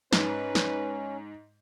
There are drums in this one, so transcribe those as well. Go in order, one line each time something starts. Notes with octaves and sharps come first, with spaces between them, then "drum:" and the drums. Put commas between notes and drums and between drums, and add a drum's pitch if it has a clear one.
G#2 C#4 B4, drum: snare
drum: snare